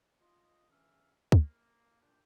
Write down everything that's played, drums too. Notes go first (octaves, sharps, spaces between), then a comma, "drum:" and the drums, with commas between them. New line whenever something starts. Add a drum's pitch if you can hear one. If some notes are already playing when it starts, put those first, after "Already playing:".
F4 D#5
C#2 E3 C#4 D4 E5 F5
A#3, drum: kick
A#2 D4 G4